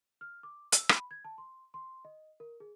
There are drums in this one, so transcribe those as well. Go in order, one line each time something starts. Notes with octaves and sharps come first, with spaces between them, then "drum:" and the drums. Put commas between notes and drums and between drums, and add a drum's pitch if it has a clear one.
F6
D6
E6, drum: hi-hat
B5, drum: rim click
G#6
A5
C6
C6
D#5
A#4
G#4